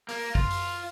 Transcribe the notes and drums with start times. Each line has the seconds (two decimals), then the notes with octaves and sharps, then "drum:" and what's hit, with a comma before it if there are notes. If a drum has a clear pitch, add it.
0.09 A#3, drum: open hi-hat
0.35 F4, drum: kick
0.50 drum: open hi-hat